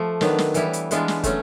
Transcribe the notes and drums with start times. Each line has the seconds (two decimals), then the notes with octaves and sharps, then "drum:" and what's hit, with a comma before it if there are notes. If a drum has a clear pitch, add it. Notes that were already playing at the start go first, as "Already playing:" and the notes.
Already playing: F3 A3
0.21 D#3 F#3 B3 D4, drum: snare
0.38 drum: snare
0.54 E3 G3 B3 E4, drum: hi-hat
0.73 drum: hi-hat
0.91 E3 G#3 B3 D4 F4, drum: hi-hat
1.08 drum: snare
1.24 F#3 A3 C#4, drum: kick, hi-hat